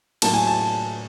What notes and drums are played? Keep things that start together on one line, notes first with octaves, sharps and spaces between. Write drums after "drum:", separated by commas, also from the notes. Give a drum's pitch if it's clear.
A2 F#3 A#3 A5, drum: cymbal
G#5
A5